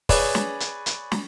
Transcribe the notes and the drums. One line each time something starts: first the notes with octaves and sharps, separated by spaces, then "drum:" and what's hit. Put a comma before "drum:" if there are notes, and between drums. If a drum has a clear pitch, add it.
G#4 B4 C#5 D5 G#5, drum: kick, open hi-hat
drum: snare
drum: hi-hat
drum: hi-hat
drum: snare